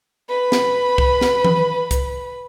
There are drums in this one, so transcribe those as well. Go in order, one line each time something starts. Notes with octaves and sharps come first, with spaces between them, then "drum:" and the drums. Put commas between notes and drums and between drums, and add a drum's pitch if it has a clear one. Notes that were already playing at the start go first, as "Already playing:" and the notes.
B4 B5
drum: snare
drum: kick
drum: snare
drum: tom E3
drum: kick, hi-hat